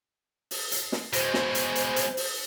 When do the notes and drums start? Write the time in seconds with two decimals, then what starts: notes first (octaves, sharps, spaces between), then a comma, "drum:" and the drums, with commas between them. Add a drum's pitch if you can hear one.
0.51 drum: open hi-hat
0.72 drum: hi-hat
0.92 drum: snare
1.13 B2 G#3 C5, drum: hi-hat
1.34 drum: snare
1.55 drum: hi-hat
1.75 drum: hi-hat
1.96 drum: hi-hat
2.17 drum: open hi-hat